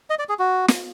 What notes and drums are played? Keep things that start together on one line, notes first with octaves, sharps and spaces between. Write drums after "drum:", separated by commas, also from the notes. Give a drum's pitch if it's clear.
D#5
D5
G#4
F#4
drum: snare